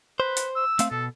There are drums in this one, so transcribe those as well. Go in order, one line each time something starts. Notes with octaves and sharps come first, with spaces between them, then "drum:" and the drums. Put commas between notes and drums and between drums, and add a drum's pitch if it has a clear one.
B4 C5
drum: hi-hat
E6
A3 C4 F5, drum: hi-hat
B2 A4